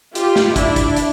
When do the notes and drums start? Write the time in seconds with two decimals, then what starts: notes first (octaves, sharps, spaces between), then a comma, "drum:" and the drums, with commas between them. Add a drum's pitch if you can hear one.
0.15 F4 G4, drum: hi-hat
0.36 drum: snare
0.56 D4 E4, drum: kick, hi-hat
0.76 drum: kick, hi-hat
0.96 drum: hi-hat